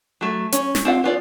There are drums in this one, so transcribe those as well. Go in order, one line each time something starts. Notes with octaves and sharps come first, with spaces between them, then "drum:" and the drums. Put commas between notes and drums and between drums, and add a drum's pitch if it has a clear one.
F#3 A3
C#4, drum: hi-hat
drum: snare
C4 F4 F5 F#5
B3 F4 D5